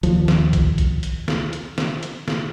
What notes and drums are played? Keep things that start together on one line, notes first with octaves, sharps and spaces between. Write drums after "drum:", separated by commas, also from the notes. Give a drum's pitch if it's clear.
D#2 F3, drum: hi-hat
drum: snare
drum: kick A#1, hi-hat
drum: kick A#1, hi-hat
drum: hi-hat
drum: snare
drum: hi-hat
drum: snare
drum: hi-hat
drum: snare